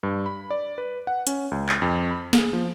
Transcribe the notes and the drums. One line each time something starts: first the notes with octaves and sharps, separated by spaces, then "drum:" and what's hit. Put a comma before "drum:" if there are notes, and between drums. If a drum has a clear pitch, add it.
G2
B5
D5
B4
F#5
C#4, drum: hi-hat
C#2
drum: clap
F2
B5
G#4, drum: snare
F3